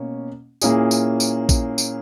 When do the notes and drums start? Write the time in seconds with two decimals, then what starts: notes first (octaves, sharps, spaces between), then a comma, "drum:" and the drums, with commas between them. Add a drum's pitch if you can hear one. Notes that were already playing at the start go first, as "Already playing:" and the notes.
Already playing: B2 A#3 C#4
0.62 A#2 A#3 C#4 E4 G#4, drum: tambourine
0.91 drum: tambourine
1.20 drum: tambourine
1.49 drum: kick A1, tambourine
1.78 drum: tambourine